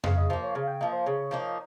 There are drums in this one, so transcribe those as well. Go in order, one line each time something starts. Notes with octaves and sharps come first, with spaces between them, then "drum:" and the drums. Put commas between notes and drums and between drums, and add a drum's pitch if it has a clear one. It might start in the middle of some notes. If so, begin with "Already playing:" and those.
C#3 F5, drum: tom F2
D#5
F3 A#3
C#5
C#3 F5
G5
F3 A#3 D#5
C5
C#3 C#5
F3 A#3 D#4